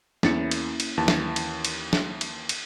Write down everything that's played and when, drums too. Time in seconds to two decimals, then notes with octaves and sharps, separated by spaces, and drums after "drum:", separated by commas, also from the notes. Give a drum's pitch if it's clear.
0.23 E2 A#3 C#4 E4 A6 C#7, drum: snare
0.51 drum: cymbal
0.80 drum: cymbal
0.97 D#2 E3 A5
1.08 drum: snare
1.36 drum: cymbal
1.65 drum: cymbal
1.93 drum: snare
2.21 drum: cymbal
2.49 drum: cymbal